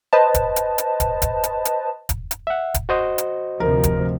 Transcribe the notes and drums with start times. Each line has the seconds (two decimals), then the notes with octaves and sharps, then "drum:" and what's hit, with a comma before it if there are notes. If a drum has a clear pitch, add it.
0.13 B4 C5 D#5 A5
0.34 drum: kick, hi-hat
0.56 drum: hi-hat
0.78 drum: hi-hat
1.00 drum: kick, hi-hat
1.22 drum: kick, hi-hat
1.44 drum: hi-hat
1.65 drum: hi-hat
2.09 drum: kick, hi-hat
2.31 drum: hi-hat
2.47 E5 F#5
2.74 drum: kick, hi-hat
2.89 F#4 C5 D#5
3.18 drum: hi-hat
3.60 D2 C3 F3 A#4
3.84 drum: kick, hi-hat